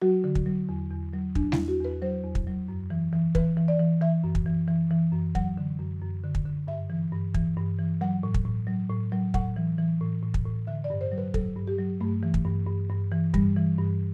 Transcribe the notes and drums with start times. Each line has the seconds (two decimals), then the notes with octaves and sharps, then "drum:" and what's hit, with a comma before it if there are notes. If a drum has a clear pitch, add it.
0.02 F#3 F#4
0.24 D3
0.35 drum: kick
0.46 F#3
0.69 E2
0.91 E2
1.13 F#3
1.35 E2 D4, drum: kick
1.52 E4, drum: snare G3
1.57 E2
1.68 F#4
1.80 E2 B4
2.02 F#3 C5
2.25 E2
2.35 drum: kick
2.47 F#3
2.68 F#2
2.90 E3
3.13 E3
3.35 E3 B4, drum: kick
3.57 E3
3.68 D5
3.80 E3
4.01 E3 E5
4.24 F#2
4.35 drum: kick
4.46 E3
4.68 E3
4.91 E3
5.13 F#2
5.35 F#3 F#5, drum: kick
5.58 D3
5.79 F#2
6.01 F#2
6.24 D3
6.35 drum: kick
6.45 D3
6.67 G2 E5
6.90 E3
7.12 G2
7.34 E3, drum: kick
7.57 G2
7.79 E3
8.01 F#3 F#5
8.23 A2
8.34 drum: kick
8.45 A2
8.67 F#3
8.90 A2
9.12 F#3
9.34 A2 F#5, drum: kick
9.56 E3
9.78 E3
10.01 A2
10.23 A2
10.34 drum: kick
10.46 A2
10.67 D3 E5
10.84 D5
10.90 G2
11.01 C5
11.12 F#3
11.18 B4
11.34 F#3 A4, drum: kick
11.57 G2
11.67 G4
11.78 F#3
12.01 G2 A3
12.23 E3
12.34 drum: kick
12.45 G2
12.67 G2
12.90 G2
13.12 E3
13.34 G2 G3, drum: kick
13.57 E3
13.78 G2